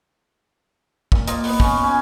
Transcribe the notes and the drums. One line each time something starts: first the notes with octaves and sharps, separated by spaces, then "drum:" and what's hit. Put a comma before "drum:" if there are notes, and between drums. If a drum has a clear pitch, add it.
A#2, drum: kick
A#3 F4 D#5, drum: hi-hat
B3, drum: open hi-hat
B3 C#4, drum: kick
C#4 G#5